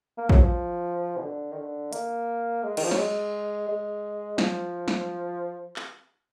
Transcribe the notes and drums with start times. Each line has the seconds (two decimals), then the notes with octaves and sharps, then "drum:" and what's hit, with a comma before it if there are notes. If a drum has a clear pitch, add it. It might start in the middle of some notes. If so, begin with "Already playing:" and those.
0.18 A#3
0.29 F#3, drum: kick
0.41 F3
1.17 B2
1.23 D3
1.52 D#3
1.58 D3
1.93 A#3, drum: hi-hat
2.63 G#3
2.77 D#3, drum: cymbal
2.84 F3
2.91 F#3, drum: snare
2.98 G#3
3.69 G#3
4.38 F3, drum: snare
4.88 drum: snare
5.76 drum: clap